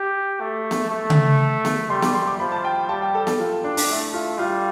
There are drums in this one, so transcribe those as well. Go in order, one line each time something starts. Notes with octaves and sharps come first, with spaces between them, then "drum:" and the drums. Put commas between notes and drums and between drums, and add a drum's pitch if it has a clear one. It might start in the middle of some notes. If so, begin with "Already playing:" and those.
Already playing: G4 D6
A3
drum: snare B3
A3
drum: tom C#3
drum: snare B3
G3 C6
D6, drum: snare B3
C6
D6
F3 B5
A5
G5
G3 A5
G5
A4
A4, drum: snare B3
F4
D4
D4, drum: open hi-hat
A3 E4
F4
G3 F4